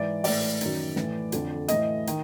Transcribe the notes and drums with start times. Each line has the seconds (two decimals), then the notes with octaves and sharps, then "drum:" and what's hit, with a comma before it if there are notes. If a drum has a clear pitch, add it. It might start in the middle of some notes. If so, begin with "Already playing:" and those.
Already playing: G#2 E3 D5
0.24 A2 E3 D5, drum: open hi-hat
0.61 F#2 D#3, drum: hi-hat
0.96 A2 E3, drum: snare
1.32 F2 D3, drum: hi-hat
1.68 A2 E3 D#5, drum: hi-hat
2.07 D#3, drum: hi-hat